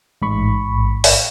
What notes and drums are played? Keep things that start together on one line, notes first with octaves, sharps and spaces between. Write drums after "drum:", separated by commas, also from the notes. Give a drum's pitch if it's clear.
A1 G#2 B5 C#6
drum: open hi-hat